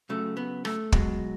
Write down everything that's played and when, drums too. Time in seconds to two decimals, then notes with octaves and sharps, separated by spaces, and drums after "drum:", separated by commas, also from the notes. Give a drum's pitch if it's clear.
0.09 C#3 F#3 A3
0.37 B3
0.65 A3, drum: rim click
0.92 B2 F#3 G#3, drum: kick